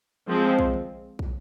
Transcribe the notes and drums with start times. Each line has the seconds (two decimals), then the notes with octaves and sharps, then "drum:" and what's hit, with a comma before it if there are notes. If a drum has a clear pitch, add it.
0.28 F3 G#3 C4
0.59 drum: kick
0.74 drum: tom
1.19 drum: kick